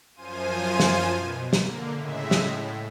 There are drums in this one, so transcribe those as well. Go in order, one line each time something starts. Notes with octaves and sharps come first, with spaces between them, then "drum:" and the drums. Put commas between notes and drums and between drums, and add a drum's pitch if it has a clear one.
F#2 F3 F4 C5 G#5 D#7
drum: snare
B2
D3 A#3, drum: snare
A2 C#3 G#3 E5
drum: snare
A2